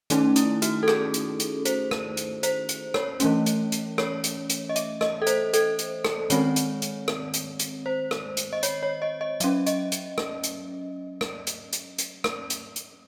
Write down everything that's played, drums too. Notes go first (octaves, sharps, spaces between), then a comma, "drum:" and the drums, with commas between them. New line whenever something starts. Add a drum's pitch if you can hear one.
D#3 A3 C#4 D#4, drum: hi-hat
E4, drum: hi-hat
F#4, drum: hi-hat
A4
G#4, drum: rim click
drum: hi-hat
drum: hi-hat
C5, drum: hi-hat
drum: rim click
drum: hi-hat
C5, drum: hi-hat
drum: hi-hat
C#5, drum: rim click
E3 A3 C#4, drum: hi-hat
drum: hi-hat
drum: hi-hat
C#5, drum: rim click
drum: hi-hat
drum: hi-hat
D#5
E5, drum: hi-hat
D#5, drum: rim click
A4
C5, drum: hi-hat
A4, drum: hi-hat
drum: hi-hat
drum: rim click
D#3 G#3 C4 C#5, drum: hi-hat
drum: hi-hat
drum: hi-hat
drum: rim click
drum: hi-hat
drum: hi-hat
C5
drum: rim click
drum: hi-hat
D#5
C#5, drum: hi-hat
C#5
D#5
D#5
F#3 C#4 E5, drum: hi-hat
D#5, drum: hi-hat
drum: hi-hat
drum: rim click
drum: hi-hat
drum: rim click
drum: hi-hat
drum: hi-hat
drum: hi-hat
drum: rim click
drum: hi-hat
drum: hi-hat